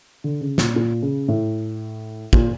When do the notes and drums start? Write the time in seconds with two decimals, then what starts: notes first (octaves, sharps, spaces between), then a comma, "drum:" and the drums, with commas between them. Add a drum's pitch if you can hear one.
0.24 D3
0.41 C#3
0.58 A#2, drum: snare
0.76 A#2
1.02 C#3
1.28 A2
2.33 A#2, drum: kick